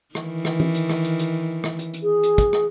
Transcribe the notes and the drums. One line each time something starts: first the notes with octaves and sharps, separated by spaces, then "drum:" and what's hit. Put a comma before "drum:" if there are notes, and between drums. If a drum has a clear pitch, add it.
D#3 E3, drum: rim click
drum: rim click
drum: tom
drum: hi-hat
drum: rim click
drum: hi-hat
drum: hi-hat
drum: rim click
drum: hi-hat
drum: hi-hat
G#4
drum: hi-hat
drum: kick, hi-hat
drum: rim click